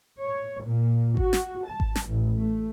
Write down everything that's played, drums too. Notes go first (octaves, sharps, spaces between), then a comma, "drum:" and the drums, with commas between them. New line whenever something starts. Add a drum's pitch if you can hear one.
C#5
A#2
F#4, drum: kick G#1
drum: snare
A5
drum: kick G#1
drum: snare
A1
A3